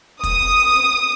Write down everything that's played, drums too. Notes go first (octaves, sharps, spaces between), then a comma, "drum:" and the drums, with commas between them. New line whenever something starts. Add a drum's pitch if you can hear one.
D#6, drum: kick, hi-hat